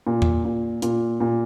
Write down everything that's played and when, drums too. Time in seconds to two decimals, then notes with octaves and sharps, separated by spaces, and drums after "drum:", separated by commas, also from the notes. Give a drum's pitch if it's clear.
0.07 A#2
0.22 drum: tom E2
0.45 A#2
0.82 A#2, drum: hi-hat
1.20 A#2